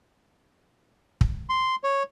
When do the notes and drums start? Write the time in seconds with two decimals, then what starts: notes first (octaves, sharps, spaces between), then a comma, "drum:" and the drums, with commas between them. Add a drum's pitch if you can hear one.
1.21 drum: kick
1.49 C6
1.84 C#5